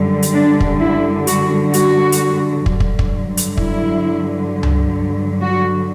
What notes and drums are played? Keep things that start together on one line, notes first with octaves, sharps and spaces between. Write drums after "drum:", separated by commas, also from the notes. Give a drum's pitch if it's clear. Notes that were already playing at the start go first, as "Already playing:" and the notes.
Already playing: F#2 D3 G3
drum: hi-hat
D4
drum: kick
E4
F#4, drum: hi-hat
F#4, drum: hi-hat
drum: hi-hat
G2 D3 F#3, drum: kick
drum: kick
drum: kick
drum: hi-hat
E4, drum: kick
drum: tom C#2
F#4